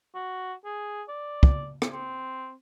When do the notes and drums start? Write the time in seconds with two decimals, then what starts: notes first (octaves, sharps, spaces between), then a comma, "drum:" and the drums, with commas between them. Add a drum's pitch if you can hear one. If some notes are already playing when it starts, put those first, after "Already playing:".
0.14 F#4
0.65 G#4
1.09 D5
1.43 drum: kick
1.82 drum: rim click
1.92 C4